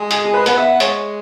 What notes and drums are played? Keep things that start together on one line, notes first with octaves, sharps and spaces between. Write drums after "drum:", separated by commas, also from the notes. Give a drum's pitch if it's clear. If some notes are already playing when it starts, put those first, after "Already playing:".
Already playing: G#3
G#4, drum: hi-hat
G#4
B4
B3 B4, drum: hi-hat
E5
F#5
G#3 C#5, drum: hi-hat